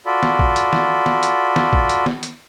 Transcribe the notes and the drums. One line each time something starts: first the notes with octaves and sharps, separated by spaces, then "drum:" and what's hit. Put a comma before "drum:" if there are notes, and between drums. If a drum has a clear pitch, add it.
F4 F#4 A4 D5 B5
drum: snare
drum: kick
drum: hi-hat
drum: snare
drum: snare
drum: hi-hat
drum: snare
drum: kick
drum: hi-hat
drum: snare
drum: hi-hat